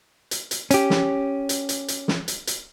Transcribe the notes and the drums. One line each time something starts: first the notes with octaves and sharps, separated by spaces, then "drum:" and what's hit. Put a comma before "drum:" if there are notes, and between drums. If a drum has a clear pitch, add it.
drum: hi-hat
drum: hi-hat
C#4 G4, drum: hi-hat
drum: snare
drum: hi-hat
drum: hi-hat
drum: hi-hat
drum: snare
drum: hi-hat
drum: hi-hat